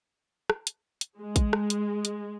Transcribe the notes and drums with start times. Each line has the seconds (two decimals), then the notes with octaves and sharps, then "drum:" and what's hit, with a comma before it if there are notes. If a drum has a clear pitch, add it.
0.50 drum: rim click
0.67 drum: hi-hat
1.01 drum: hi-hat
1.19 G#3
1.36 drum: kick A1, hi-hat
1.53 drum: rim click
1.70 drum: hi-hat
2.05 drum: hi-hat